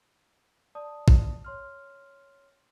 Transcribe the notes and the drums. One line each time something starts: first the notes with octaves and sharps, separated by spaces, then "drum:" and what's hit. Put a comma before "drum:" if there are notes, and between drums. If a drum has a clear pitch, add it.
D5 A5 D#6
drum: kick
C#5 C6 F6